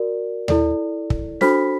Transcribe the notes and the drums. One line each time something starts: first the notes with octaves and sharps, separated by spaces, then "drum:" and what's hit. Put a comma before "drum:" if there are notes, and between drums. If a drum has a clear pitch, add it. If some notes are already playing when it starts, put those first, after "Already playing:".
Already playing: F#4 A#4 D5
E4 A4 D5, drum: tom D#2
drum: kick
D4 F#4 A4 C5 B5 B6, drum: snare